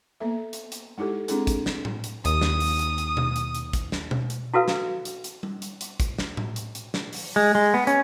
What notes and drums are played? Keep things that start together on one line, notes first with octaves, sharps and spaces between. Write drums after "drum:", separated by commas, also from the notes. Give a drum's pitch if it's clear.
A#3 B3 A4 E5
drum: hi-hat
drum: hi-hat
G#3 D#4 E4 G4 A4
G#3 C4 D4 E4 G#4 A4, drum: hi-hat
drum: kick, hi-hat
drum: snare
drum: tom A2
drum: hi-hat
D#2 D#6, drum: hi-hat
drum: snare
drum: open hi-hat
drum: hi-hat
drum: hi-hat
drum: tom B2
drum: hi-hat
drum: hi-hat
drum: kick, hi-hat
drum: snare
drum: tom B2
drum: hi-hat
E4 F#4 A4 B4 F5
drum: snare
drum: hi-hat
drum: hi-hat
drum: tom G3
drum: hi-hat
drum: hi-hat
drum: kick, hi-hat
drum: snare
drum: tom A2
drum: hi-hat
drum: hi-hat
drum: snare
drum: open hi-hat
G#3
G#3
B3
C#4, drum: hi-hat